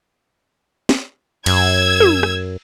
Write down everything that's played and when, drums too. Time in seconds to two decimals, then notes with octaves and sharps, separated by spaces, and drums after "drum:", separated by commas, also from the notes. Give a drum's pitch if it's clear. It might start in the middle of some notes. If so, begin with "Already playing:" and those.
0.89 drum: snare
1.46 F#2 E6 G#6, drum: cymbal
2.00 drum: tom
2.23 drum: rim click